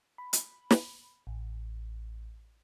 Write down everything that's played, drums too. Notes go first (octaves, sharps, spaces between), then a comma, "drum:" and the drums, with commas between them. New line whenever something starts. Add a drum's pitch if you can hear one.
B5
drum: hi-hat
drum: snare
A1